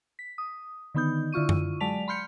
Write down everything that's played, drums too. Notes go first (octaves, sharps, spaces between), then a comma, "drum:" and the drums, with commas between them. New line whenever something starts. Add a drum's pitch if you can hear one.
B6
D#6
D3 D#3 B3 D#4 G6
D3 E4 F4 C#6 D#7
drum: tom F#2
F#3 G#3 D5 A5 B6 F7
B5 C6 F6 G6 C#7